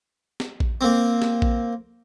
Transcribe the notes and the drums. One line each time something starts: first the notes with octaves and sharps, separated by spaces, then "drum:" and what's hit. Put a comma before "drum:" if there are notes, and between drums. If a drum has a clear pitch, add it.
drum: snare
drum: kick A#1
A#3 C4
drum: snare
drum: kick A#1